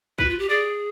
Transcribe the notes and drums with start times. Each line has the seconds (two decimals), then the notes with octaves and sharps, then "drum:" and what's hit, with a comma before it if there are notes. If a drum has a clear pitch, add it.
0.18 E4 B4, drum: kick
0.24 F#4
0.29 F4
0.39 G4
0.49 G#4 D5